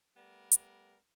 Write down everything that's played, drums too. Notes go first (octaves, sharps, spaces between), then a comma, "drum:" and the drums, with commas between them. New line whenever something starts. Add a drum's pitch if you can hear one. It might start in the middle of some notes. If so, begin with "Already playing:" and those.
G3 A3 B3 A#4 D5
drum: hi-hat